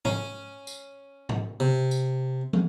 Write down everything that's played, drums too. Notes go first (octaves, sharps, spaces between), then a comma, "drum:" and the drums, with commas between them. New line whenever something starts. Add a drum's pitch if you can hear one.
C#4, drum: tom G#2
drum: tambourine
drum: tom G#2
C3
drum: tambourine
drum: tom